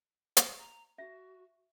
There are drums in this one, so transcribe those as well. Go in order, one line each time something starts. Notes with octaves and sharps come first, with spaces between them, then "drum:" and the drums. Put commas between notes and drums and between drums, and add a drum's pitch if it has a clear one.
drum: hi-hat
A#5
F#4 E5